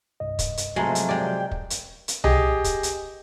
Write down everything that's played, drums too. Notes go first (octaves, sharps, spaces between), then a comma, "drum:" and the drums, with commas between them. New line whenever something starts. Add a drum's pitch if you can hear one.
C2 G2 D#5
drum: kick, hi-hat
drum: hi-hat
C3 F3 F#3 G#3 A3 F#4 G#5 A#5
drum: hi-hat
G#3 D5 G5
drum: kick
drum: hi-hat
drum: hi-hat
G4 G#4 D#5, drum: tom C2
drum: kick, hi-hat
drum: hi-hat